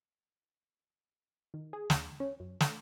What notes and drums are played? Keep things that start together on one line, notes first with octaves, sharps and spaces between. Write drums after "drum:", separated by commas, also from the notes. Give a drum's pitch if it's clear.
D#3
G#4
D#2, drum: snare
C#4
F#2
A3, drum: snare